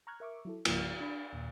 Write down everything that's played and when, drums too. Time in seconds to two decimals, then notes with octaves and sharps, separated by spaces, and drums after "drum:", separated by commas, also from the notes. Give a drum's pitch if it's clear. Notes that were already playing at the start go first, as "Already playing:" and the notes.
0.07 A#5 C#6 F6 F#6 G#6
0.20 A#4 E5 C#6 D6
0.45 F#3 E4 A4
0.65 C2 G2 C#3 F3 A#3, drum: cymbal
1.00 D4 B5
1.33 D#2 A#2